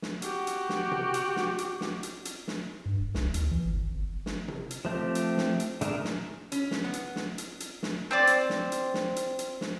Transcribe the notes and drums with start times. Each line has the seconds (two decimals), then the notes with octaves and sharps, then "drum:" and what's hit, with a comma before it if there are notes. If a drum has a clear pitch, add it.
0.02 drum: snare
0.22 F#4 G4, drum: hi-hat
0.47 drum: hi-hat
0.69 drum: snare
0.92 drum: tom C3
1.14 drum: hi-hat
1.36 drum: snare
1.58 drum: hi-hat
1.81 drum: snare
2.03 drum: hi-hat
2.25 drum: hi-hat
2.48 drum: snare
2.86 G2
3.00 D#1
3.14 C2, drum: snare
3.34 D#2, drum: hi-hat
3.51 E3
3.65 G#1
3.77 G#1
3.95 G1
4.26 drum: snare
4.48 drum: tom C3
4.71 drum: hi-hat
4.85 F3 A3 C4 G4
5.15 drum: hi-hat
5.37 drum: snare
5.60 drum: hi-hat
5.81 D3 A3 G#4 A#4 E5, drum: hi-hat
6.04 drum: snare
6.52 C#4, drum: hi-hat
6.71 drum: snare
6.84 B3
6.93 drum: hi-hat
7.16 drum: snare
7.38 drum: hi-hat
7.60 drum: hi-hat
7.83 drum: snare
8.11 C4 C5 D5
8.27 drum: hi-hat
8.50 drum: snare
8.72 drum: hi-hat
8.94 drum: snare
9.16 drum: hi-hat
9.39 drum: hi-hat
9.61 drum: snare